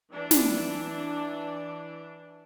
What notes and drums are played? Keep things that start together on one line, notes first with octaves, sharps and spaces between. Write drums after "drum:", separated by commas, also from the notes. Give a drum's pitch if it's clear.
E3 D4
drum: snare